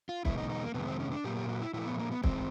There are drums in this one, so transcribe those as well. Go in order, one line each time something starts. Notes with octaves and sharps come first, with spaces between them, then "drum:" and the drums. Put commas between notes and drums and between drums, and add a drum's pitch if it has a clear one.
F4
E2 B2 G#3 E4, drum: kick
D#4
D#4
A#3
F2 C3 D#3 G#3 B3
C4
C#4
D4
A#2 F#3 A#3 G4
G4
F#4
E4
A#2 F3 A3 E4
B3
A#3
B3
G#2 E3 G#3 C4, drum: kick